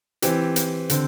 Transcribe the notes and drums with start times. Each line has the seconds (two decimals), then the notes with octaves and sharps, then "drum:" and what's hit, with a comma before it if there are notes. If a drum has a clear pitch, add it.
0.22 E3 C4 G4, drum: hi-hat
0.56 drum: hi-hat
0.90 D3 C4, drum: hi-hat